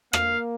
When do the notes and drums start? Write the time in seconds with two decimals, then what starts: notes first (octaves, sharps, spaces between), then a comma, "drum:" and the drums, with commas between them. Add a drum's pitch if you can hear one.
0.13 A#3 F5, drum: rim click